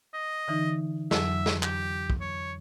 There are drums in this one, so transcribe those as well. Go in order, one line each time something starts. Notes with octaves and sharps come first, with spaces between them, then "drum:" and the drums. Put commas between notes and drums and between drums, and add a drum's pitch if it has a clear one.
D#5
D3 E3 D#4
F2 F#3 E5, drum: snare
drum: snare
G4, drum: clap
drum: kick
C#5